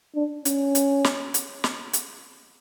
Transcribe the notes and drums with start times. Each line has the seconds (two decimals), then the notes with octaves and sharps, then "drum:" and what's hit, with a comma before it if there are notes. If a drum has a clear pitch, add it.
0.15 D4
0.45 C#4, drum: hi-hat
0.75 drum: hi-hat
1.04 drum: snare
1.34 drum: hi-hat
1.64 drum: snare
1.93 drum: hi-hat